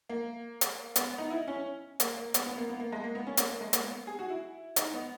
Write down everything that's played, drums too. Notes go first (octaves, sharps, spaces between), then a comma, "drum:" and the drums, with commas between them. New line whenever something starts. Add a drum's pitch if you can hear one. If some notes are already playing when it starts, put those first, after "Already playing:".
A#3
drum: hi-hat
B3, drum: hi-hat
D#4
E4
C#4
A#3, drum: hi-hat
A#3
B3, drum: hi-hat
B3
A#3
B3
A#3
G#3
A#3
B3
C#4
A#3, drum: hi-hat
A#3
G#3
A#3, drum: hi-hat
B3
G#4
F#4
E4
D#4, drum: hi-hat
B3